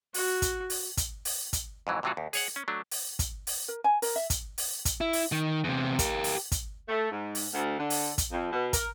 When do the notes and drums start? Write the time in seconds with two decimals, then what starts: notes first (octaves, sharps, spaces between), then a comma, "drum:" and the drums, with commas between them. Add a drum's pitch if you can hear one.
0.14 F#4, drum: open hi-hat
0.42 drum: kick, hi-hat
0.70 drum: open hi-hat
0.97 drum: kick, hi-hat
1.25 drum: open hi-hat
1.53 drum: kick, hi-hat
1.87 F2 G#2 E3 F#3
2.03 A2 C3 E3 F#3 F4 F#4
2.17 D#2
2.33 G#4 C#5 F#5, drum: open hi-hat
2.56 C#4
2.68 F#3 A3 D4
2.91 drum: open hi-hat
3.19 drum: kick, hi-hat
3.47 drum: open hi-hat
3.68 A#4
3.84 G#5
4.02 A#4, drum: open hi-hat
4.16 E5
4.30 drum: kick, hi-hat
4.58 drum: open hi-hat
4.85 drum: kick, hi-hat
5.01 E4
5.13 drum: open hi-hat
5.32 D#3
5.64 E2 C3
5.99 G4 A#4, drum: kick, hi-hat
6.24 drum: open hi-hat
6.52 drum: kick, hi-hat
6.88 A3
7.11 G#2
7.35 drum: open hi-hat
7.54 D2
7.78 D3
7.90 drum: open hi-hat
8.18 drum: kick, hi-hat
8.32 F2
8.52 B2
8.73 A#4, drum: kick, hi-hat